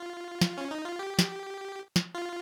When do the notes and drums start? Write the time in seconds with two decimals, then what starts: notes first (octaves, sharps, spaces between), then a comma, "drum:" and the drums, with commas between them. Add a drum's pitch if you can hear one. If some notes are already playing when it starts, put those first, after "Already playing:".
Already playing: F4
0.41 drum: snare
0.58 C#4
0.71 D#4
0.85 F4
0.99 G4
1.19 drum: snare
1.96 drum: snare
2.14 F4